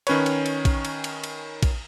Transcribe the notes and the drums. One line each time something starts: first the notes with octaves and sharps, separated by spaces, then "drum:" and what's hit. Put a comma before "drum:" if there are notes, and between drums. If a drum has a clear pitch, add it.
D#3 C#4 B4 C#5, drum: cymbal
drum: cymbal
drum: cymbal
drum: kick, cymbal
drum: cymbal
drum: cymbal
drum: cymbal
drum: kick, cymbal